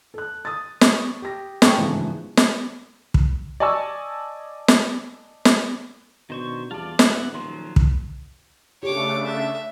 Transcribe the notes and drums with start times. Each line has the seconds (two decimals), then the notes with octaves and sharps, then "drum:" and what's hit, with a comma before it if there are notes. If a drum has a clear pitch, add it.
0.14 A4 F#6
0.45 D#6 A6
0.81 C#6, drum: snare
1.22 G4 A#6
1.62 A4 D#5 G5 C#6, drum: snare
1.77 G1 G#2 C#3 E3 F3
2.37 drum: snare
3.14 drum: kick
3.60 D5 D#5 G#5 A5 C#6 E6
4.68 drum: snare
5.45 drum: snare
6.30 B2 D#3 D4 C5 D#5 C#6
6.71 E2 G3 F4 D5 A5
6.99 D#1 B4 E5 F#5, drum: snare
7.34 D#3 F3 F#3 C6
7.76 drum: kick
8.83 C#3 A3 D4 G4 C#5 D6
9.25 E5